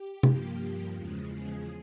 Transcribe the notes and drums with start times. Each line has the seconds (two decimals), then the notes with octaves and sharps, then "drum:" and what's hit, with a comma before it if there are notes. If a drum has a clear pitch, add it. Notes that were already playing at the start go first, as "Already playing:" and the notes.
Already playing: G4
0.23 G2 F3 A#3, drum: tom C3
0.94 E2 C#3 F3 G#3
1.31 G#4